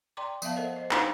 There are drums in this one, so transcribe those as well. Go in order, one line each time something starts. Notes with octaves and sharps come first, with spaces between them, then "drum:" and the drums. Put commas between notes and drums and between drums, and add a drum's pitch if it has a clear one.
D5 G5 A#5 C6 D6
F3 B3 D5 E5 F5 A5, drum: tambourine
A4 A#4 C5 D#5 E5 F#5
C5 D#5
D4 D#4 C5 F5, drum: clap